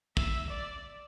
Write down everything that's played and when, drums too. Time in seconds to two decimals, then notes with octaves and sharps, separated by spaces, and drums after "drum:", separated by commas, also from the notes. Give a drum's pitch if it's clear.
0.17 E5, drum: kick
0.49 D5